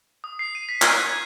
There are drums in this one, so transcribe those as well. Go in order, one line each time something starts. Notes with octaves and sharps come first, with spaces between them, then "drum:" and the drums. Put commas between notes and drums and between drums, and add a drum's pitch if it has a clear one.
D#6
C7
D#7
B6
G#6, drum: clap
F#6
G#6